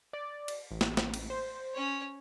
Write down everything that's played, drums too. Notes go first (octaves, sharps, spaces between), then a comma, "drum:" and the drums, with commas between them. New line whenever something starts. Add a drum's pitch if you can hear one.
D5
drum: cymbal
A1
drum: snare
drum: snare
drum: cymbal
C5
C#4 C#5